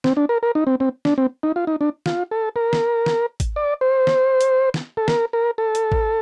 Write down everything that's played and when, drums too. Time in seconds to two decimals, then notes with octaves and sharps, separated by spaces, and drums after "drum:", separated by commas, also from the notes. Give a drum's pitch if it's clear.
0.04 C4, drum: snare
0.17 D4
0.29 A#4
0.43 A#4
0.55 D#4
0.67 C4
0.80 C4
1.05 D4, drum: snare
1.18 C4
1.43 D#4
1.56 F4
1.67 D#4
1.81 D4
2.06 F4, drum: snare
2.31 A4
2.56 A#4
2.73 drum: snare
3.06 drum: snare
3.40 drum: kick, hi-hat
3.56 D5
3.81 C5
4.07 drum: snare
4.41 drum: hi-hat
4.74 drum: snare
4.97 A4
5.08 A#4, drum: snare
5.33 A#4
5.58 A4
5.75 drum: hi-hat
5.92 drum: kick